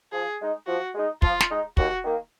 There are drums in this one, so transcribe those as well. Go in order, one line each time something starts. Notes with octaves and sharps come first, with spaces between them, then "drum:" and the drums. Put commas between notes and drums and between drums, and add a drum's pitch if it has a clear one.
F3 G#4
G#3 D#4
F3 F#4
G#3 D#4
F3 F4, drum: kick
drum: snare
G#3 D#4
D#2 F#4, drum: kick
D#3 A#3